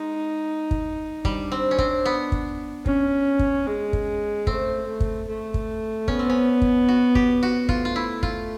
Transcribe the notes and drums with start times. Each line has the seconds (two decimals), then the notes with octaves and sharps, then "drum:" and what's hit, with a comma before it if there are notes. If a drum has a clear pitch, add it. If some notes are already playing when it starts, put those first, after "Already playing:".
Already playing: G#3 D#4
0.71 drum: kick
1.25 G3 D4, drum: kick
1.52 C4
1.71 C#4
1.78 C4, drum: kick
2.05 B3
2.32 drum: kick
2.86 C#4, drum: kick
3.39 drum: kick
3.66 G#3
3.93 drum: kick
4.47 A3 C4, drum: kick
4.87 A3
5.00 drum: kick
5.28 A3
5.54 drum: kick
6.08 B3 C#4, drum: kick
6.19 C4
6.30 C#4
6.62 drum: kick
6.88 F#4
7.15 G4, drum: kick
7.43 F#4
7.69 A3 F4, drum: kick
7.85 F4
7.96 E4
8.23 F4, drum: kick